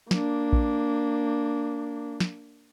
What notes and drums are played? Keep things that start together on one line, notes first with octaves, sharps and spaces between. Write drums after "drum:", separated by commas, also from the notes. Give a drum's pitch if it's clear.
A#3 D4, drum: snare
drum: kick A#1
drum: snare